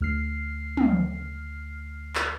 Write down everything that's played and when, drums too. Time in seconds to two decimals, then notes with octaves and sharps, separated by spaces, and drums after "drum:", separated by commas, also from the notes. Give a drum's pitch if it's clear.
0.01 D2 F6 C7
0.77 drum: tom
2.15 drum: clap